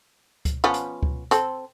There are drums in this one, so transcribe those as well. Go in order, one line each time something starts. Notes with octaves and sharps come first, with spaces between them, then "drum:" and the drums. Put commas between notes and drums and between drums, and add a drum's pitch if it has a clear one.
drum: kick C#2, hi-hat
F3 B3 C#4
drum: hi-hat
drum: kick C#2
C4 A4, drum: hi-hat